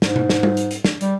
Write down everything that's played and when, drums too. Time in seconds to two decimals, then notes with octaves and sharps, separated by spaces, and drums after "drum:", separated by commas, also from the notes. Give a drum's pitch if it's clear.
0.02 G#2, drum: snare
0.16 drum: tom B2
0.29 drum: snare
0.43 drum: tom G3
0.57 drum: hi-hat
0.71 drum: hi-hat
0.85 drum: snare
1.01 G3, drum: hi-hat